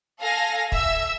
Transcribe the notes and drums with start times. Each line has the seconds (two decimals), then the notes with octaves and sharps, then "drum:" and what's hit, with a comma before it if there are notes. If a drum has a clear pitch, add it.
0.20 A4 F5 G#5 A#6
0.72 E5 E6, drum: kick